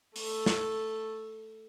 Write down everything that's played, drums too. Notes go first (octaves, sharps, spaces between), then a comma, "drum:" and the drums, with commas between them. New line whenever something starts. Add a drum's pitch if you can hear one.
A3 A4, drum: open hi-hat
drum: snare